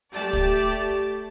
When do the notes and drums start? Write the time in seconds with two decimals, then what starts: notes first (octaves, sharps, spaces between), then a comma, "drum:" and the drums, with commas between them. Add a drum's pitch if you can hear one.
0.12 A3 G4 D5 A5
0.33 drum: kick